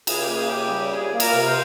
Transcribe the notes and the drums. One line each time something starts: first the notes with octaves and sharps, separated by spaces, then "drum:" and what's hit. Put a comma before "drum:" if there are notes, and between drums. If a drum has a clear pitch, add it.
C#3 G#4, drum: cymbal
G4
A#3
G#4
C#3 G4
G3
C3 G#4
A#3
A#4, drum: cymbal
C3
C5